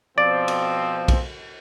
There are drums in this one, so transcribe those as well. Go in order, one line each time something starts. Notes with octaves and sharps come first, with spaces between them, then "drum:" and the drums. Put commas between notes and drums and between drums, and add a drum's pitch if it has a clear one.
B2 F3 C4 D5
drum: cymbal
drum: kick B1, cymbal